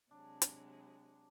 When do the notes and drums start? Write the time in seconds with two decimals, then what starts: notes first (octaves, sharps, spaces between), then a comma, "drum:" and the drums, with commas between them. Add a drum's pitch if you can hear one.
0.11 C3 F#3 G#3 D4
0.42 drum: hi-hat